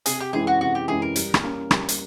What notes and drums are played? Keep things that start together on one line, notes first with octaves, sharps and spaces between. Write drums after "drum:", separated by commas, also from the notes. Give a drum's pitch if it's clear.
C3 G#4, drum: hi-hat
G4
E3 G#3 C#4 E4 G#4
F#4
C3 F#4
G4
E3 G#3 C#4 E4 G#4
A#4
G3, drum: hi-hat
drum: rim click
A#3 C#4
G3, drum: rim click
drum: hi-hat